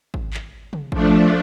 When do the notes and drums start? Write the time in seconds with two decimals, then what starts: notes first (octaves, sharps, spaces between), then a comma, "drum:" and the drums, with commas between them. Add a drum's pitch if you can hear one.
0.14 drum: kick G#1
0.34 drum: clap
0.73 drum: tom
0.92 F3 A3 D4, drum: kick G#1